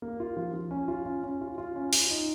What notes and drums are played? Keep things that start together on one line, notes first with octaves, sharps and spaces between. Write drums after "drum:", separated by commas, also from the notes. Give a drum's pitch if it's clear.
A#3
F4
F3
F3
C#4
F4
C#4
C#4
F4
F4
C#4
F4, drum: open hi-hat
D#4